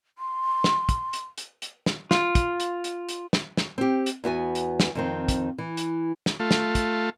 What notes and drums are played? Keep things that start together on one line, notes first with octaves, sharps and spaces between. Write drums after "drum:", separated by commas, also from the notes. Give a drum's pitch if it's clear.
C6
drum: snare
drum: kick, hi-hat
drum: hi-hat
drum: hi-hat
drum: hi-hat
drum: snare
F4, drum: snare
drum: kick, hi-hat
drum: hi-hat
drum: hi-hat
drum: hi-hat
drum: snare
drum: snare
C4 G4
drum: hi-hat
E2 B3 F#4 G#5
drum: hi-hat
drum: snare
F2 D#3 C4
drum: kick, hi-hat
E3
drum: hi-hat
drum: snare
A3 F4
drum: snare
drum: kick, hi-hat